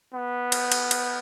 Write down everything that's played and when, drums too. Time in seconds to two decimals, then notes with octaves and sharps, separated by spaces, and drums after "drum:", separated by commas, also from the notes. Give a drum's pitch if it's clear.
0.14 B3
0.52 drum: cymbal
0.72 drum: cymbal
0.91 drum: cymbal